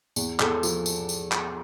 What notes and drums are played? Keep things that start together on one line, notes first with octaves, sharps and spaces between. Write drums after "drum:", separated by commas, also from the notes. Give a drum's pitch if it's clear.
E2, drum: tambourine
E2 A4, drum: clap
F3, drum: tambourine
drum: tambourine
drum: tambourine
drum: clap